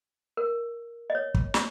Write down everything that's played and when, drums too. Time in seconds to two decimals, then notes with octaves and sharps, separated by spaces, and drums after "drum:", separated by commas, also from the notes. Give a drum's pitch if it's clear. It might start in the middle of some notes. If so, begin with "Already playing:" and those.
0.37 A#4
1.10 D#5
1.15 C#5
1.34 drum: kick
1.54 drum: snare